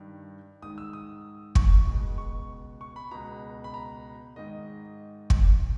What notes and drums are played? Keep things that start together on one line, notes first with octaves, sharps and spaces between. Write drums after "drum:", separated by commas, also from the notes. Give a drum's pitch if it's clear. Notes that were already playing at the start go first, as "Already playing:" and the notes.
Already playing: G2 D#3
G#2 D#3 D#6
E6
D#6
C#6, drum: kick
C#2 B2
C#6
C#6
B5
C#2 B2 A#5
B5
A#5
G#2 D#3 D#5
drum: kick